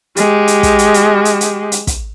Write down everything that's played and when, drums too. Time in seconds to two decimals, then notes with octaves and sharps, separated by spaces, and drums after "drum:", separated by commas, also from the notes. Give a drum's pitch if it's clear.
0.16 G#3 G4, drum: hi-hat
0.48 drum: hi-hat
0.63 drum: kick, hi-hat
0.79 drum: hi-hat
0.94 drum: hi-hat
1.25 drum: hi-hat
1.41 drum: hi-hat
1.72 drum: hi-hat
1.87 drum: kick, hi-hat